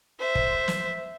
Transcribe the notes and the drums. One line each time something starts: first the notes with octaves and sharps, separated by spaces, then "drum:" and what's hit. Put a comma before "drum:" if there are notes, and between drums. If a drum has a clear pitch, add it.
C5 E5
drum: kick
drum: snare